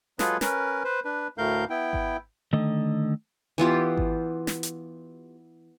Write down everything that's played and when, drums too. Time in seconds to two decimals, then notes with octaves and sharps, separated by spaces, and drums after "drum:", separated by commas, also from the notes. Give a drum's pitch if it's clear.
0.19 F#3 G#3 F4 G#4 A4 B4, drum: snare
0.41 C#4 A#4 B4, drum: snare
0.85 B4 C5
1.05 D4 B4
1.38 D2 A2 A3 A#4 F5 G6
1.70 B3 E4 G5
1.93 drum: kick G#1
2.53 D3 D#3 A3 D#5
3.58 E3 B3 F4 G4
3.97 drum: kick G#1
4.47 drum: snare
4.63 drum: hi-hat